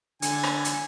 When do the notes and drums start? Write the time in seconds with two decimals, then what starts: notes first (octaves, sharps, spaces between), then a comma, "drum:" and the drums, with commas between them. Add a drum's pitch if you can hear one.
0.22 D3 G#5, drum: hi-hat
0.43 drum: rim click
0.65 drum: hi-hat